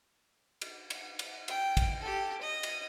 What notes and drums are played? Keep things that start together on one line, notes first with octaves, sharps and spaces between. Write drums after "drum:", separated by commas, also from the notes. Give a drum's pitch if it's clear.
drum: cymbal
drum: cymbal
drum: cymbal
G5, drum: cymbal
drum: kick, cymbal
G4 A4
D#5
drum: cymbal